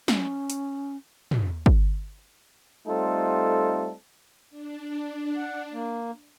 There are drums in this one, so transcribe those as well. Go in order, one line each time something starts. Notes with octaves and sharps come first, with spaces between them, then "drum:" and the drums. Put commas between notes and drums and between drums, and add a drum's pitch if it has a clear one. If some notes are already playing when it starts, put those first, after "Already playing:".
C#4, drum: snare
drum: hi-hat
drum: tom
drum: kick
G3 A3 C4 D#4 F4 A4
D4
F#5
A#3